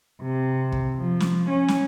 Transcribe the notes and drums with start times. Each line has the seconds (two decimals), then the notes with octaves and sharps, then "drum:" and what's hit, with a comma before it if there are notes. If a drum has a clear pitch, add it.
0.21 C3
0.72 drum: kick
0.96 F3
1.20 drum: snare
1.49 C#4
1.68 drum: snare